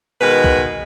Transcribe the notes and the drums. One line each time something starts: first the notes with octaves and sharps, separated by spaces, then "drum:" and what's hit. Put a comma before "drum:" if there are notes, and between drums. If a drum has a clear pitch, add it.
B2 D#3 G#3 B4
drum: kick B1